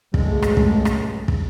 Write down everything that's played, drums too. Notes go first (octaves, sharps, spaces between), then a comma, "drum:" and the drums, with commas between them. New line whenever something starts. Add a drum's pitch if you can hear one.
C#2 G2 A#2 F#3 G#3 A3, drum: kick
drum: rim click
drum: kick
drum: rim click
drum: kick